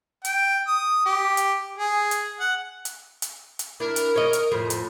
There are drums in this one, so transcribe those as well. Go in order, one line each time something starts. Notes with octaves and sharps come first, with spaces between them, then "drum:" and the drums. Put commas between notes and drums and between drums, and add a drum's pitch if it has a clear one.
G5, drum: hi-hat
D#6
G4
drum: hi-hat
G#4
drum: hi-hat
F#5
drum: hi-hat
drum: hi-hat
drum: hi-hat
D4 E4 A#4
drum: hi-hat
C#5 D#5
drum: hi-hat
F2 A2
drum: hi-hat